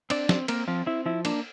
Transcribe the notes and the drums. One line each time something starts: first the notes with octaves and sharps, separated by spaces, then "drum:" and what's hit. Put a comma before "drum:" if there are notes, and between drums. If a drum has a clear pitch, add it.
C4 D4 D5, drum: cymbal
C4, drum: snare
A#3 C4 A#4, drum: cymbal
F3 C4 F4
C4 E4
F3 E4
A#3 D4, drum: cymbal